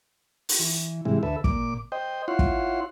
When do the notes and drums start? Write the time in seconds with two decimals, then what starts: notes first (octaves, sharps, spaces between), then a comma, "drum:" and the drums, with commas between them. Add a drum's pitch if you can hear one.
0.49 drum: open hi-hat
0.59 E3
1.05 G#2 C3 E3 G3 G#3 E4
1.23 D2 A4 B4 E5
1.44 A#2 D6, drum: kick
1.92 C5 D#5 G5
2.28 E4 F4 C#5 F#5 C6
2.39 drum: kick